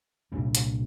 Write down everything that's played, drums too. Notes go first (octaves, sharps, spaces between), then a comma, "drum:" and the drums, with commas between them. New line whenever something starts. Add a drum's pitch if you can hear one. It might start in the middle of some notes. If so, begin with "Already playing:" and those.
C2 A#2 G3 D4
drum: hi-hat